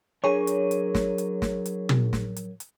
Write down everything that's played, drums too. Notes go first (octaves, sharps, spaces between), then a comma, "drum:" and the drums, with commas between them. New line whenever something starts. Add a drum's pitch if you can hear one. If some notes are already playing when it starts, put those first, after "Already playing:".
F#3 D4 G#4 A#4 C#5 G#5 C#6
drum: hi-hat
drum: hi-hat
drum: snare
drum: hi-hat
drum: snare
drum: hi-hat
drum: tom
drum: snare
drum: hi-hat
drum: hi-hat